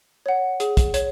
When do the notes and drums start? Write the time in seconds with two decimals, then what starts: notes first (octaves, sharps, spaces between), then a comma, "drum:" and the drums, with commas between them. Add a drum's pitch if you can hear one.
0.26 C#5 F#5
0.60 G#4, drum: hi-hat
0.77 drum: kick, hi-hat
0.94 C#5, drum: hi-hat